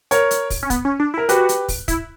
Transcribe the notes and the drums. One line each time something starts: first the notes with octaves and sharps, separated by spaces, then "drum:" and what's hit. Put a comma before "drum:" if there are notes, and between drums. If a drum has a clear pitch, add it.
A#4 C#5, drum: hi-hat
drum: hi-hat
drum: kick, open hi-hat
C#4
B3, drum: kick, hi-hat
C#4
D4
E4
A#4
F#4 G4 B4, drum: hi-hat
drum: hi-hat
drum: kick, open hi-hat
E4, drum: kick, hi-hat